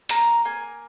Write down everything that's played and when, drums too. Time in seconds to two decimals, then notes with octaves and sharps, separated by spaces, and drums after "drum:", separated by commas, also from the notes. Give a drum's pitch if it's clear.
0.09 A#3 A#5, drum: hi-hat
0.45 A#3 G#5